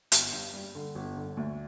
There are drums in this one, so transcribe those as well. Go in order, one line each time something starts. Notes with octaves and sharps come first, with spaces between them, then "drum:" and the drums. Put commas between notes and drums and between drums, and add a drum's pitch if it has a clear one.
G1, drum: hi-hat
G2
G3
D3
G1
D3
D2